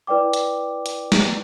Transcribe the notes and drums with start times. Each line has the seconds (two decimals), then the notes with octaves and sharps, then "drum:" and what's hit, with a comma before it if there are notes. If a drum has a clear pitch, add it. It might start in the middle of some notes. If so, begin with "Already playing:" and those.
0.07 E4 B4 D5 G5 D6
0.33 drum: hi-hat
0.86 drum: hi-hat
1.12 drum: snare